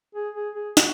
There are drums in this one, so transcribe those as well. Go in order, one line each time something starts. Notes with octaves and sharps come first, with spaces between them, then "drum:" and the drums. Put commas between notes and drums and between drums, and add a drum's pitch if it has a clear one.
G#4
G#4
G#4
F#4, drum: snare